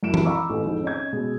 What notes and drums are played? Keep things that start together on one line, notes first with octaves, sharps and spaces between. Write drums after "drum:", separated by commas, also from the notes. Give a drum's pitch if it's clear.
F#2 E4 D7 E7
drum: tom
F5 A#5 B5 C#6 D6 E6
A1 A3
F2 G#2
C#4 D#5 G#6
B2 G#3